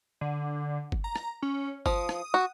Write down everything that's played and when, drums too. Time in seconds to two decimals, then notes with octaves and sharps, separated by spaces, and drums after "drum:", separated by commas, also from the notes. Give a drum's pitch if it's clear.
0.21 D3
0.92 drum: kick G1
1.04 A#5
1.16 drum: rim click
1.42 C#4
1.86 F3 D#6, drum: kick G1
2.09 drum: rim click
2.34 F#4